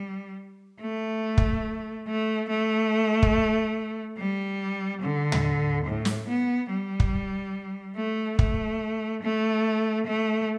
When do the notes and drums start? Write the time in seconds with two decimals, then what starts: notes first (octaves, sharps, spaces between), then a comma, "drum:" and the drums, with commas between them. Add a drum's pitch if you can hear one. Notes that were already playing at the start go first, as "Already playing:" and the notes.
Already playing: G3
0.81 A3
1.38 drum: kick
2.07 A3
2.49 A3
3.23 drum: kick
4.18 G3
5.02 D3
5.32 drum: tom
5.85 A2
6.05 drum: snare
6.28 B3
6.70 G3
7.00 drum: kick
7.96 A3
8.39 A3, drum: kick
9.22 A3
10.06 A3